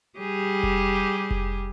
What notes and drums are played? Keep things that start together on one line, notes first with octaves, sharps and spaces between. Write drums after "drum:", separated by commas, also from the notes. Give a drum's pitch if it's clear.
G3 G4 G#4
drum: kick F1
drum: kick F1